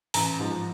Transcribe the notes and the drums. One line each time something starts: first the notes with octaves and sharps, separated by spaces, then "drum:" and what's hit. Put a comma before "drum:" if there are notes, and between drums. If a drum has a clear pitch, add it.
A1 A#5, drum: open hi-hat
G#2 F3